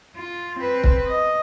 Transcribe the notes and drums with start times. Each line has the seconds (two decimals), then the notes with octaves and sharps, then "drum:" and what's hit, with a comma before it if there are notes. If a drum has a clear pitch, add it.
0.17 F4
0.60 C4 B4
0.84 drum: kick
1.07 D#5